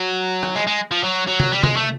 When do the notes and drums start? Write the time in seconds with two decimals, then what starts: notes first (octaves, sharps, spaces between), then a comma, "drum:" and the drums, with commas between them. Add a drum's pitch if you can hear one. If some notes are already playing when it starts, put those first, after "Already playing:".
Already playing: F#3
0.43 drum: rim click
0.56 G#3
0.67 G#3
0.91 F3
1.03 F#3
1.27 F#3
1.40 drum: tom C3
1.52 G3
1.63 G#3, drum: tom C3
1.76 A3